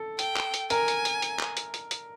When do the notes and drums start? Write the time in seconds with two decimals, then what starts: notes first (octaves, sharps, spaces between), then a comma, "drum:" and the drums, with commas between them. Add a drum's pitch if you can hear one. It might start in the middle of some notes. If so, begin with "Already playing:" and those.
Already playing: A4
0.19 G5, drum: hi-hat
0.37 drum: clap
0.54 drum: hi-hat
0.70 A#4 G#5, drum: hi-hat
0.88 drum: hi-hat
1.05 drum: hi-hat
1.22 drum: hi-hat
1.40 drum: clap
1.57 drum: hi-hat
1.74 drum: hi-hat
1.91 drum: hi-hat